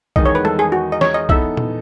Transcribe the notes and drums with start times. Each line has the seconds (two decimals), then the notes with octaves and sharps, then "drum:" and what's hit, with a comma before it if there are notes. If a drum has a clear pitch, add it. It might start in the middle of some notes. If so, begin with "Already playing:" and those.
0.16 E2 D#3 G#3 D#4 D#5, drum: kick B1
0.26 C#5
0.35 B4
0.45 A4, drum: tom G3
0.59 G#4
0.72 F#4
0.92 D#5
1.01 C#5, drum: snare
1.14 D#5
1.29 E3 B3 D#4 A4 E5, drum: kick B1
1.57 drum: tom A#2